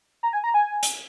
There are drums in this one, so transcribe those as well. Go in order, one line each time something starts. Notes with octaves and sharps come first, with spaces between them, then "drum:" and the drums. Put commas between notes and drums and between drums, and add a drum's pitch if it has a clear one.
A#5
G#5
A#5
G#5
drum: hi-hat